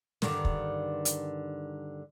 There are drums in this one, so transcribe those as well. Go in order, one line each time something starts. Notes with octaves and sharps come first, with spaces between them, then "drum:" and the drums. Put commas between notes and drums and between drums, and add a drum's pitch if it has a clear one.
G2 D3 D#3, drum: snare
drum: kick
drum: hi-hat